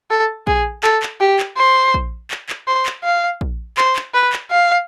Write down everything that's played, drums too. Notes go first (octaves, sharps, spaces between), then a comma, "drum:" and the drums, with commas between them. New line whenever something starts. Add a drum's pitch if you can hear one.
A4
G#4, drum: kick A#1
A4, drum: clap
drum: clap
G4
drum: clap
C5
drum: kick A#1
drum: clap
drum: clap
C5
drum: clap
F5
drum: kick A#1
C5, drum: clap
drum: clap
B4
drum: clap
F5